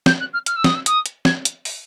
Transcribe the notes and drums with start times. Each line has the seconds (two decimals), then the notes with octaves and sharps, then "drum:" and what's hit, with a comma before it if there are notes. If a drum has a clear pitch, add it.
0.06 G6, drum: snare
0.19 F#6
0.33 F6
0.46 F6, drum: hi-hat
0.55 E6
0.64 D#6, drum: snare
0.74 E6
0.86 D#6, drum: hi-hat
1.06 drum: hi-hat
1.25 G#6, drum: snare
1.45 drum: hi-hat
1.65 drum: open hi-hat